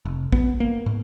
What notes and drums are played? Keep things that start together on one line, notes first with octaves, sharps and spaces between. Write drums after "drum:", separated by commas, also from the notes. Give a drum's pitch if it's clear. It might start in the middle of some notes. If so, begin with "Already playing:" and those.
F1
B3, drum: kick
A#3
G#2